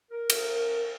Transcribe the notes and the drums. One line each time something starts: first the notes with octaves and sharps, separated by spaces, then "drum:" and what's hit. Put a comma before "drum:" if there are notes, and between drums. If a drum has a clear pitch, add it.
A#4
drum: cymbal